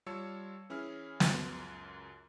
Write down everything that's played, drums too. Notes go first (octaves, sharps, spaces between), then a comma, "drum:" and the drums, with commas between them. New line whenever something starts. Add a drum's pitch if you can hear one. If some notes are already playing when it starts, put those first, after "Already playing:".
G3 F4 C#5 A5 E6 C#7
E3 C#4 E4 G#4 F6
C#2 F#2, drum: snare